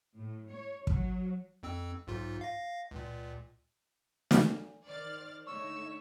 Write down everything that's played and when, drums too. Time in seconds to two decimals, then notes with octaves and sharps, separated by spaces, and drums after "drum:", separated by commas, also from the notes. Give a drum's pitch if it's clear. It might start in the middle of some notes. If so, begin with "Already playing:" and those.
0.17 A2
0.51 C#5
0.87 F#3, drum: kick
1.63 F2 C4 E6
2.07 B1 G#2 F4
2.41 F5 A#6
2.91 C#2 A#2
4.31 drum: snare
4.86 D#3 C5 D5 F6 A6
5.47 D3 A3 D#4 C#5 C#6 E6